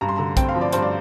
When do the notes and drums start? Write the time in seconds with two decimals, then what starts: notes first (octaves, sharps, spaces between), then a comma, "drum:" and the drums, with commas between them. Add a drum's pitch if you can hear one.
0.01 G2 A#5
0.09 C6
0.17 D3 A#5
0.37 C4 G5, drum: kick, hi-hat
0.49 F5
0.55 F3
0.61 D5
0.72 G2 C5, drum: hi-hat
0.82 D5